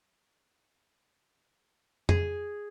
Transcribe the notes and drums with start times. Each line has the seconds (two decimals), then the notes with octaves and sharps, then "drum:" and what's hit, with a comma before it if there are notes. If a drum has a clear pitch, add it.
2.09 G#4, drum: tom F2